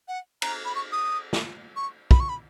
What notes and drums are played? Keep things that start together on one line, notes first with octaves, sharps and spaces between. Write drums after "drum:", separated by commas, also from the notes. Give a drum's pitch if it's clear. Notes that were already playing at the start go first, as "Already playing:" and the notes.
F#5
A#5, drum: cymbal
B5
C#6
D#6
drum: snare
C#6
B5, drum: kick
C#6
B5